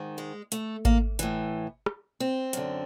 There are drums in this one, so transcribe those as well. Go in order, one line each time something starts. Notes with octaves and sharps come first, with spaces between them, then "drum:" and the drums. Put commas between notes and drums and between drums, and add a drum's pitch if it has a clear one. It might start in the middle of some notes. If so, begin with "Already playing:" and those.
Already playing: G#2 D#3
G#3
A3, drum: hi-hat
A#3, drum: kick G#1
A2 E3, drum: hi-hat
drum: rim click
C4
F#2 D3, drum: hi-hat